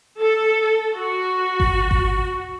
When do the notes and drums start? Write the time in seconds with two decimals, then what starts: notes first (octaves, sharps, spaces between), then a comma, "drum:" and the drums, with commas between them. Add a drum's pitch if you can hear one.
0.20 A4
0.96 F#4
1.60 drum: kick G#1
1.91 drum: kick G#1